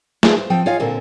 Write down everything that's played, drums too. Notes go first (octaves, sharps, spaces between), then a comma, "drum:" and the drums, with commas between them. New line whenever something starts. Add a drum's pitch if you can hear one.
C#4 D4 E4 F4 G#4 B4, drum: snare
C5
F3 C4 G5
F4 G#4 C#5 D#5 F5 G#5
A#2 D3 C4 A#4